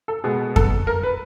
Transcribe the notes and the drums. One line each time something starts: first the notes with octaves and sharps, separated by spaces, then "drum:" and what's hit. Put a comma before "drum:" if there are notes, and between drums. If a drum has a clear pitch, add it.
A4
B2 G#3 B3 G#4
A4, drum: kick F2
A#4
B4